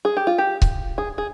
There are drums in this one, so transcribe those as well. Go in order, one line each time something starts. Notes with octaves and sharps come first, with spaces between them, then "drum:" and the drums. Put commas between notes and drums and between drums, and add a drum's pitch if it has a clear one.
G#4
G4
F4
G4
drum: kick C#1
G#4
G#4